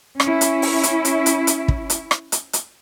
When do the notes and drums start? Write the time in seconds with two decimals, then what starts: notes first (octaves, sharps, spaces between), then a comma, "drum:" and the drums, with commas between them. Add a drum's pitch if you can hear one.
0.20 C#4 E4, drum: rim click
0.41 drum: hi-hat
0.62 drum: open hi-hat
0.83 drum: hi-hat
1.05 drum: hi-hat
1.26 drum: hi-hat
1.47 drum: hi-hat
1.68 drum: kick
1.90 drum: hi-hat
2.11 drum: rim click
2.32 drum: hi-hat
2.53 drum: hi-hat